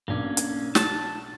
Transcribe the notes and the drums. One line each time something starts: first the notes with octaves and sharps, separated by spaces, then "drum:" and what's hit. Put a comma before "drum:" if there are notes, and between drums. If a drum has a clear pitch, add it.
B1 A#3 C#4 D4 D6
drum: hi-hat
A5, drum: snare